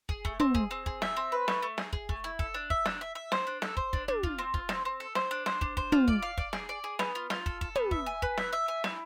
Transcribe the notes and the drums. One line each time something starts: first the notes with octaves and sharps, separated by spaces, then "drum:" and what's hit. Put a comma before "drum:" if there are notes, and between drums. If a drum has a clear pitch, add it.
G#4, drum: kick
A3, drum: kick
C4, drum: tom
G#4, drum: kick
C4
G#4, drum: kick
E5, drum: snare
C4
B4
A3, drum: snare
A3
G#4, drum: snare
G#4, drum: kick
A3, drum: kick
E4
A4, drum: kick
D4
E5, drum: kick
D4, drum: snare
E5
E5
C5, drum: snare
D4
A4, drum: snare
C5, drum: kick
D4, drum: kick
D4, drum: tom
F4, drum: kick
C4
F4, drum: kick
C4, drum: snare
C4
A4
C5, drum: snare
D4
C5, drum: snare
D4, drum: kick
C5, drum: kick
F4, drum: tom
D5, drum: kick
F5
D5, drum: kick
G#4, drum: snare
D5
G#4
B3, drum: snare
F4
F4, drum: snare
A4, drum: kick
A4, drum: kick
B3, drum: tom
E5, drum: kick
G#5
B4, drum: kick
E5, drum: snare
E5
G#5
E4, drum: snare